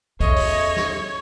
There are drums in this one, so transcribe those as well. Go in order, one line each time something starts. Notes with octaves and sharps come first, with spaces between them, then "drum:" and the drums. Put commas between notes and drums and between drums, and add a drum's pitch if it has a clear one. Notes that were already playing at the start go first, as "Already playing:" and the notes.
E2 A3 C#4 G#4 C#5 D#5, drum: kick
drum: open hi-hat
drum: snare